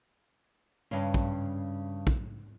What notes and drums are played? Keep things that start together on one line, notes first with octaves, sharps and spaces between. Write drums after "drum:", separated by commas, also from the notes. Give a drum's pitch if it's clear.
G2 C#3
drum: kick
drum: kick